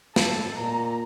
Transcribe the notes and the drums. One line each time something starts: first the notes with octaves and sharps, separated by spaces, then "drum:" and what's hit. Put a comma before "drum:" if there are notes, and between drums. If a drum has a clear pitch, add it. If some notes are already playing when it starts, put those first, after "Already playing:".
A4, drum: snare
A#2 A#5